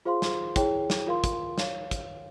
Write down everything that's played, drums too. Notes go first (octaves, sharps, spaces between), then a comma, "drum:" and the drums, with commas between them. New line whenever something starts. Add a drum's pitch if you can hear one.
F4 G#4 C5 F5 C6
drum: snare
E4 G#4 C#5 G5, drum: kick, hi-hat
drum: snare
F4 A#4 F5 C6
drum: kick, hi-hat
C#5 F5, drum: snare
drum: kick, hi-hat